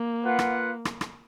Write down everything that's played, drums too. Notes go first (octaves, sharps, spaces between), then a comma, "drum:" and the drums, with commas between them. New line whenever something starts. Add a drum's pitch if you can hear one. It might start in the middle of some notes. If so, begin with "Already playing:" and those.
Already playing: A#3
F4 B4 F#5
drum: rim click
drum: rim click
drum: rim click